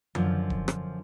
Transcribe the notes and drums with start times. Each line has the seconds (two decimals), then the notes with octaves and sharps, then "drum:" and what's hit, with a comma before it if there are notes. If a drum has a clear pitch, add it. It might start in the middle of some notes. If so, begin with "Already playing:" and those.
0.15 F#2 D3 F3, drum: tom D#3
0.50 drum: kick E1
0.68 drum: rim click